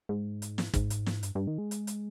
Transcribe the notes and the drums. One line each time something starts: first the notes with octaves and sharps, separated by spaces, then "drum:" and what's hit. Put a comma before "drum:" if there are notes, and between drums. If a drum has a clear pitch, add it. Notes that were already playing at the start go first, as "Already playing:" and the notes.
G#2
drum: hi-hat
drum: snare
G#2, drum: kick, hi-hat
drum: hi-hat
drum: snare
G2, drum: hi-hat
G2
D#3
G#3
drum: hi-hat
drum: hi-hat